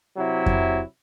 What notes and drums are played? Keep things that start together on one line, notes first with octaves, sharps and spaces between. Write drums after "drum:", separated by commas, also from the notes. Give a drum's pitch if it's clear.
C3 F#3 E4
drum: kick F2